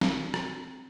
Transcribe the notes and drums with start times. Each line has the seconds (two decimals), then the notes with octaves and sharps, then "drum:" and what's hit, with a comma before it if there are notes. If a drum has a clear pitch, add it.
0.01 C4, drum: snare
0.34 drum: rim click